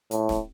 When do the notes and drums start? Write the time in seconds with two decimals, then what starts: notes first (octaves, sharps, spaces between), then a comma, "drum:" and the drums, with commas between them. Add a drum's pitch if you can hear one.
0.11 A2, drum: hi-hat
0.29 drum: snare